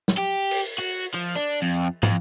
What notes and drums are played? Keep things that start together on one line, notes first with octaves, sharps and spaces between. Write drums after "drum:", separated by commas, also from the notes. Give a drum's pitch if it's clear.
drum: snare
G4
drum: cymbal
F#4
F3
D4
F2
F2, drum: tom